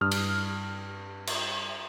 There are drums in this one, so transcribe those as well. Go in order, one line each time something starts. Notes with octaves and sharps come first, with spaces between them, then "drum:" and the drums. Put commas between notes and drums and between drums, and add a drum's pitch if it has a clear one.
G2 D#6 F6
drum: cymbal
drum: cymbal